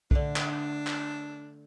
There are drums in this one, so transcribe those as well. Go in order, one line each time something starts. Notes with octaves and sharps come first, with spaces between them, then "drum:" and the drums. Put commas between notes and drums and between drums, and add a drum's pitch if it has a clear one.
D3 A3 D4, drum: kick B1
drum: clap
drum: clap